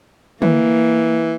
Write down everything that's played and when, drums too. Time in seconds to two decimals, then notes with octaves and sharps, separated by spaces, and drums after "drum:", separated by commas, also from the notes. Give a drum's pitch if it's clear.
0.42 E3 A#3, drum: tom